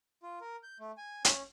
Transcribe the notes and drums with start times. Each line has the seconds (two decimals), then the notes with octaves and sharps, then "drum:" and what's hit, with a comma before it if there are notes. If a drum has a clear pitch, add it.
0.23 F4
0.41 A#4
0.63 G6
0.80 A3
0.98 G#5
1.25 C#4, drum: hi-hat